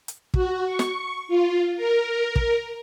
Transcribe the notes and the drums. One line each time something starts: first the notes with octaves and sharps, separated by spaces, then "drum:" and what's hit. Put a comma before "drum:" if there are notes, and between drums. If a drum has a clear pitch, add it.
drum: hi-hat
F#4, drum: kick
C#6
drum: snare
F4
A#4
drum: kick